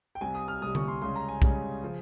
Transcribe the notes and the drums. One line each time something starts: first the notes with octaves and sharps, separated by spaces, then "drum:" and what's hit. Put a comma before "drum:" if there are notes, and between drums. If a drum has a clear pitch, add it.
G5
C2 C3 G3 G#5
D#6
F6
C2 C3 G3 D#6
C#6, drum: tom D3
C6
C#2 C#3 G3 C#4 C6
A#5
G#5
C#2 C#3 G3 C#4, drum: kick
C#3 F3